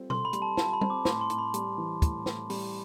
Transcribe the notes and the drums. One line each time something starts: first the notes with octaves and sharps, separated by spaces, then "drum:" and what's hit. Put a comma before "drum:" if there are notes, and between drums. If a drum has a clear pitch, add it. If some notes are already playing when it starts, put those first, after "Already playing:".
Already playing: G3 C4 F4 A4
A4 C6, drum: tom B2
B5
G3, drum: hi-hat
A5
F4 A5, drum: snare
B5
C4, drum: tom G3
D6
A2 C6, drum: snare
C6
A2, drum: hi-hat
B5
G3, drum: hi-hat
E3
A2, drum: kick, hi-hat
A2, drum: snare
G3 B5, drum: open hi-hat